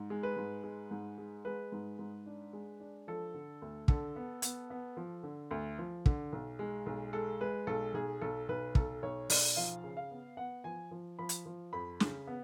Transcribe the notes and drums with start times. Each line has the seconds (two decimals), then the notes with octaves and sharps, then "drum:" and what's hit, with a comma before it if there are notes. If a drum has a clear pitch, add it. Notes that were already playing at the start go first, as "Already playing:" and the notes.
Already playing: G#2
0.10 G#3
0.23 B4
0.36 G#2
0.63 G#3
0.91 G#2
1.18 G#3
1.45 G#3 B4
1.72 G#2
1.99 G#2
2.26 D4
2.53 G#3
2.80 D4
3.08 F3 A4
3.34 D3
3.62 D2
3.88 D3 A4, drum: kick
4.16 B3
4.42 B3, drum: hi-hat
4.70 B3
4.97 F3
5.23 D3
5.51 D2
5.78 F3
6.06 D3, drum: kick
6.32 B1
6.59 G#3
6.86 B1
7.13 G#3 A4
7.41 G#3 B4
7.67 B1 A4
7.94 B1 G#4
8.21 B1 A4
8.48 B1 B4
8.75 B1 A4, drum: kick
9.03 B1 C#5
9.30 B1 D5, drum: open hi-hat
9.56 F3 F5
9.84 C#3
9.97 F5
10.11 B3
10.37 B3 F#5
10.64 F3 G#5
10.91 F3
11.19 F3 B5
11.29 drum: hi-hat
11.46 F3
11.73 F2 B5
12.00 C#3, drum: snare
12.27 B3